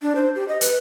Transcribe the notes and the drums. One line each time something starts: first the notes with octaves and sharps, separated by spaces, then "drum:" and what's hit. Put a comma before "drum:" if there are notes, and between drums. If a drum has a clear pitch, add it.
D4
C5
G4
D#5
B4, drum: hi-hat